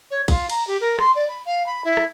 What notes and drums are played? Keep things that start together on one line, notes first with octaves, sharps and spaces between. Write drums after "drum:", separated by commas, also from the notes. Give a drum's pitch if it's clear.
C#5
F4, drum: kick, cymbal
A#5, drum: cymbal
G4
A#4
C6, drum: rim click
D5
B5
F5
B5
E4
drum: rim click